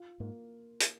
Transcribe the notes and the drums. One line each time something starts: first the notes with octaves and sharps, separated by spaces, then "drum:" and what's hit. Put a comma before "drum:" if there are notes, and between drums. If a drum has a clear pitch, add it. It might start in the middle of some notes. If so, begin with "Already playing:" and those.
Already playing: F4
G#2 A#3
drum: hi-hat